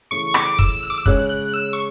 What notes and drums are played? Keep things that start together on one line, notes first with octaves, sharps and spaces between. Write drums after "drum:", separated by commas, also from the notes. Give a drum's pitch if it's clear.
C#3 E3 A3 C#6
D6, drum: rim click
E6, drum: kick
E6
D6
E6
C#3 G#3 C#4 G#4 C#5 F#6, drum: kick
F#6
E6
C#6